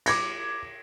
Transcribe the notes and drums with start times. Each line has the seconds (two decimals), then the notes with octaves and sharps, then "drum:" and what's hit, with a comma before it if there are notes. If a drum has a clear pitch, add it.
0.06 D6 G#6 A#6, drum: cymbal